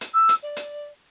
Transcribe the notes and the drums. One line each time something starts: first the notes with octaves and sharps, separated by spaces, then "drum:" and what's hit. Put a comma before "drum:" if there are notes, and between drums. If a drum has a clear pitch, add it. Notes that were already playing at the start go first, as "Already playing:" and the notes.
drum: hi-hat
E6
drum: hi-hat
D5
drum: hi-hat